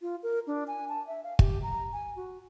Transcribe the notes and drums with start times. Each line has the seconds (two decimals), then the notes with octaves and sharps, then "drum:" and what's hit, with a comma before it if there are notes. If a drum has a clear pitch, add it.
0.02 F4
0.23 A#4
0.47 D4
0.68 G#5
0.89 A5
1.07 E5
1.24 F5
1.39 G4, drum: kick
1.63 A#5
1.93 G#5
2.16 F#4